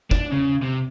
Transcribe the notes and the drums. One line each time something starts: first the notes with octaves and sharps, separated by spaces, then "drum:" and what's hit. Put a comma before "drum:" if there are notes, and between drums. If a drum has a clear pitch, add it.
D4, drum: kick
C#3
C3